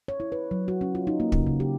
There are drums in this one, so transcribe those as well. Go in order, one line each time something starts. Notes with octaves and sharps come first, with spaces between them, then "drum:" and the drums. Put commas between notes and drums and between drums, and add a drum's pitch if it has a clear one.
C#5
E4
B4
F#3
F#4
C#4
F4
D#4
A#3
C#3, drum: kick
C#3
G4